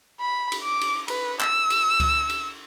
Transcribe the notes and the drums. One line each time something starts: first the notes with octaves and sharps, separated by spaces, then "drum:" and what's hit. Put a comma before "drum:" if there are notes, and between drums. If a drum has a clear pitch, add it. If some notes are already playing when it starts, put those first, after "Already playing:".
B5
drum: cymbal
D6
drum: cymbal
B4, drum: cymbal
E6, drum: clap
drum: cymbal
drum: kick C#2, cymbal
drum: cymbal